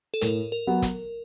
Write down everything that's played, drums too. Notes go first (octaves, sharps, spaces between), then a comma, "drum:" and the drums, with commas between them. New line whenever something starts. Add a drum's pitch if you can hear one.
A4
A2 A#4, drum: hi-hat
A#4
F#3 B3
drum: kick, hi-hat